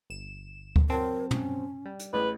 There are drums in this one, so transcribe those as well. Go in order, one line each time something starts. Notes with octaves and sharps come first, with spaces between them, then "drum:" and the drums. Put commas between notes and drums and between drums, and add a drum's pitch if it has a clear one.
G1 E7
drum: kick D2
F#3 C4 A#4 A5
C#4, drum: tom
G3
drum: hi-hat
A1 G#4 B4